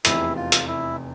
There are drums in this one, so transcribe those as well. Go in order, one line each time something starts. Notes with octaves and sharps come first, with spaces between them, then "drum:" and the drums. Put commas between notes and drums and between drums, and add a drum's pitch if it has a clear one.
F1 E2 C3 E4, drum: hi-hat
F4
drum: hi-hat
E4